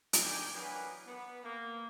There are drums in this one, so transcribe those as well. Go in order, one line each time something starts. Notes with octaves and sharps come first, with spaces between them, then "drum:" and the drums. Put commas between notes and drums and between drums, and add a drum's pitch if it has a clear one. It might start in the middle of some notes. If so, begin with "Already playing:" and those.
drum: hi-hat
D#3 D4 D5 G5 G#5
E3 F#3 D4 G#4 A#4 B4
B3
A#3